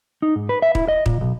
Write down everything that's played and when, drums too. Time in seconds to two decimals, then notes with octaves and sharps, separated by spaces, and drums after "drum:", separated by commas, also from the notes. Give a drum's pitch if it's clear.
0.22 D#4
0.36 G#2
0.49 B4
0.62 E5
0.75 E4, drum: kick
0.88 D#5
1.06 A#2, drum: kick
1.21 B1